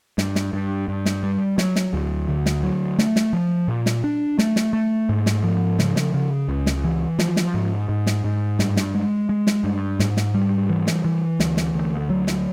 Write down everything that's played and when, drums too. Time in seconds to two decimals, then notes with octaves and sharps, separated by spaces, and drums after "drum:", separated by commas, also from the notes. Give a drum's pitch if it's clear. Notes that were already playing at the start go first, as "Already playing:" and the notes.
0.18 G2, drum: snare
0.35 drum: snare
0.53 G2
0.88 G2
1.06 drum: snare
1.23 G3
1.58 F#3, drum: snare
1.76 drum: snare
1.93 D2
2.28 D3
2.46 drum: snare
2.63 F#3
2.99 A3, drum: snare
3.16 drum: snare
3.33 F3
3.68 A#2
3.86 drum: snare
4.04 D4
4.39 A3, drum: snare
4.56 drum: snare
4.73 A3
5.09 G#2
5.26 drum: snare
5.44 F3
5.79 C#3, drum: snare
5.96 drum: snare
6.14 C#3
6.48 C#2
6.66 drum: snare
6.84 E3
7.19 F3, drum: snare
7.36 drum: snare
7.54 G#2
7.89 G#2
8.07 drum: snare
8.24 G#2
8.59 G2, drum: snare
8.77 drum: snare
8.94 G#3
9.29 G#3
9.47 drum: snare
9.64 G2
10.00 G#2, drum: snare
10.17 drum: snare
10.34 G3
10.69 E3
10.87 drum: snare
11.05 E3
11.40 D2, drum: snare
11.57 drum: snare
11.74 D2
12.10 F#3
12.27 drum: snare